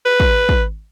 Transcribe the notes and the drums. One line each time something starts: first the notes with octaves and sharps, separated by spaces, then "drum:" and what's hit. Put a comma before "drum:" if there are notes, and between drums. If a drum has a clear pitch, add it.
B4
drum: kick
drum: kick